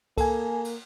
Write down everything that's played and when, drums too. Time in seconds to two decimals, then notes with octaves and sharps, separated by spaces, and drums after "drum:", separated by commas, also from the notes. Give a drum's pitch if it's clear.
0.18 A#3 A4 G#5, drum: kick C2, cymbal
0.65 drum: cymbal